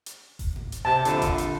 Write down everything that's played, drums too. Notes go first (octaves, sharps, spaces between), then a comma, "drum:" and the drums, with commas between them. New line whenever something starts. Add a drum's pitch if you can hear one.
drum: hi-hat
drum: kick F1, open hi-hat
drum: tom G#2
drum: hi-hat
C3 A5
A#1 D3 F4 B5, drum: hi-hat
drum: kick F1, hi-hat
drum: hi-hat